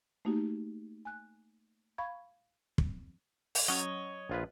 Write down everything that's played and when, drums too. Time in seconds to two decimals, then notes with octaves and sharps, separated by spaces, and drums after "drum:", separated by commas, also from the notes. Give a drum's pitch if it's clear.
0.25 A3 A#3 D#4 F#4 G4
1.05 G#5 F#6
1.98 F5 B5 C#6 G#6
2.78 drum: kick
3.55 drum: open hi-hat
3.68 F#3 C#4 C#5 D#5
4.30 A#1 F4 B4